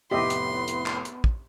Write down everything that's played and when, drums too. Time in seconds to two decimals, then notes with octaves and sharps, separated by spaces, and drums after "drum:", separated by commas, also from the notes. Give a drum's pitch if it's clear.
0.11 F1 A2 B3 G4 D#5 E5 C6 B6
0.30 drum: hi-hat
0.68 drum: hi-hat
0.86 drum: clap
1.05 drum: hi-hat
1.24 drum: kick